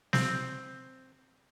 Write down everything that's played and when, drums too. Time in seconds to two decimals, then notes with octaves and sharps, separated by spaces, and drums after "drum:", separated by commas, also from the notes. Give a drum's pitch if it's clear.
0.13 C4, drum: snare